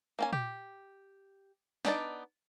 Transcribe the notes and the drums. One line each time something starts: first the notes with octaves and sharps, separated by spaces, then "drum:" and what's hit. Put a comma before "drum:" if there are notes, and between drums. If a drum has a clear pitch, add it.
A#3 C#4 G#5
G4, drum: tom A#2
B3 D4 D#4 D5, drum: snare